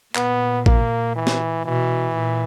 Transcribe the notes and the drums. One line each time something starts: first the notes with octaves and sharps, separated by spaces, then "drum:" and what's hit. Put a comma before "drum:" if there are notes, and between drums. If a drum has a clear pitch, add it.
A#2 B3, drum: clap
A#3, drum: kick A1
E3
drum: snare
B2 E3
A#2